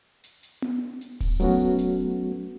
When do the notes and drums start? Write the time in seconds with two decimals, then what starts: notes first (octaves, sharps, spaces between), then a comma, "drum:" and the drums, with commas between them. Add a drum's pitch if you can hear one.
0.24 drum: hi-hat
0.43 drum: hi-hat
0.62 drum: tom B3
1.01 drum: hi-hat
1.20 drum: kick D1, open hi-hat
1.40 F#3 A3 B3 C#4 F#4, drum: open hi-hat
1.79 drum: hi-hat